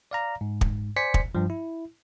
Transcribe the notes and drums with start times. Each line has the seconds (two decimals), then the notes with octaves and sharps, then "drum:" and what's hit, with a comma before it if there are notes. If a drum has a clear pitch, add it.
0.11 D5 F5 A#5
0.41 G#2
0.61 drum: kick
0.96 C5 D5 G#5 B6 C#7
1.14 drum: kick
1.35 G2 F3
1.50 E4